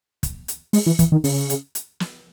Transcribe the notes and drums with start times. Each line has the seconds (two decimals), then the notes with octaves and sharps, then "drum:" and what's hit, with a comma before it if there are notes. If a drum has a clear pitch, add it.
0.23 drum: kick, hi-hat
0.48 drum: hi-hat
0.73 G#3, drum: open hi-hat
0.86 E3
0.99 E3, drum: kick, hi-hat
1.12 D#3
1.24 C#3, drum: open hi-hat
1.50 drum: hi-hat
1.75 drum: hi-hat
2.00 drum: snare